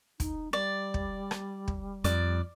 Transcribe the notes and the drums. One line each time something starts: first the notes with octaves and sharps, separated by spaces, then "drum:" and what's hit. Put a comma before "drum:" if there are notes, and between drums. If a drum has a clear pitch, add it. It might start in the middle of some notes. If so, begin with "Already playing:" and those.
D#4, drum: kick, hi-hat
G3 D5
drum: kick
drum: rim click
drum: kick
F2 D5, drum: hi-hat